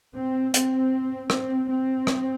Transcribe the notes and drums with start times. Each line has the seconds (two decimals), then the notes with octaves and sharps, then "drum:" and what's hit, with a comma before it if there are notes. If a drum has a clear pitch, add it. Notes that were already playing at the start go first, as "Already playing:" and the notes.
0.15 C4
0.54 C4, drum: hi-hat
1.30 C4, drum: rim click
1.68 C4
2.07 drum: rim click